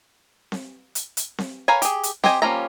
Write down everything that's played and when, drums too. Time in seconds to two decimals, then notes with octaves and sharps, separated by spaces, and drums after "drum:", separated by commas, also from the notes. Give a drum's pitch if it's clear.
0.52 drum: snare C4
0.95 drum: hi-hat
1.17 drum: hi-hat
1.38 drum: snare C4
1.68 A#4 B4 C#5 F5 G#5
1.82 G4 G#4, drum: hi-hat
2.03 drum: hi-hat
2.24 G4 C5 D#5 G#5, drum: snare C4
2.42 F3 G3 A#3 C#4 A#5